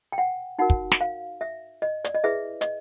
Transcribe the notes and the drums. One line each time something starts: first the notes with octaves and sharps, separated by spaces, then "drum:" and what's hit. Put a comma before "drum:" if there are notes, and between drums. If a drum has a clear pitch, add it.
G5
F#5
D#4 F#4 A#4 F#5
drum: kick
drum: snare
F5
E5
D#5
D5, drum: hi-hat
D#5
E4 G#4 B4 E5
D#5, drum: hi-hat